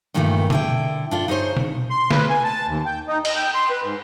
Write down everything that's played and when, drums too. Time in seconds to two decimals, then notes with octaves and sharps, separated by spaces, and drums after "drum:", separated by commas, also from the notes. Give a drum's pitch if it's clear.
0.14 G2 A#2 D#3 E3 G3 A3
0.50 D3 E4 G5, drum: tom
1.11 D4 F4 A4
1.28 D#4 G#4 A4 C5 C#5
1.57 drum: tom
1.90 C6
2.11 B4, drum: snare
2.30 G#5
2.44 A5
2.67 D#2
2.86 G5
3.08 D#4
3.25 D#5, drum: cymbal
3.36 G5
3.54 C6
3.70 B4
3.83 G#2